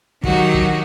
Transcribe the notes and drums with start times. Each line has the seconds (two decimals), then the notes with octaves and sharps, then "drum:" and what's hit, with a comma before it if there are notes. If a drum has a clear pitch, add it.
0.24 D#3 F#3 D#4 F#4 G4, drum: kick
0.54 drum: kick